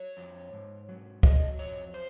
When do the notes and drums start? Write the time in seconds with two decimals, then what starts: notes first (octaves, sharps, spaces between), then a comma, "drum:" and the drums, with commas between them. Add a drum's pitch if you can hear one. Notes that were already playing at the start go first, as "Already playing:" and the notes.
Already playing: F#3 C#5
0.17 F2
0.53 G#2
0.89 F#3
1.23 F#3 D#5, drum: kick
1.59 F2 C#5
1.94 C5